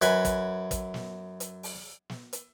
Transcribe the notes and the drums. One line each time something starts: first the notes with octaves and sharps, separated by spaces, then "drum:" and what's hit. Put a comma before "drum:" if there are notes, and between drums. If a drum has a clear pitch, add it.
F#2 B4 G#5, drum: hi-hat
drum: kick, hi-hat
drum: kick, hi-hat
drum: snare
drum: hi-hat
drum: open hi-hat
drum: snare
drum: hi-hat